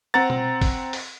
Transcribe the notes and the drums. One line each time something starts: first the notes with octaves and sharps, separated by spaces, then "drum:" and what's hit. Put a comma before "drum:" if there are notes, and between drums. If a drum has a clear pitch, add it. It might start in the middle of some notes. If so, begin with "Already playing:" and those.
C4 F#5 A#5 A6
drum: tom B2
drum: kick, open hi-hat
drum: open hi-hat